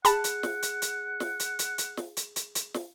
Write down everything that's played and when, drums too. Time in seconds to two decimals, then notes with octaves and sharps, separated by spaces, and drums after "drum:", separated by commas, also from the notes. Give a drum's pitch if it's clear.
0.05 G#4 F#5 A5 B5, drum: hi-hat
0.24 drum: hi-hat
0.43 drum: snare
0.62 drum: hi-hat
0.82 drum: hi-hat
1.20 drum: snare
1.40 drum: hi-hat
1.59 drum: hi-hat
1.78 drum: hi-hat
1.97 drum: snare
2.17 drum: hi-hat
2.36 drum: hi-hat
2.55 drum: hi-hat
2.74 drum: snare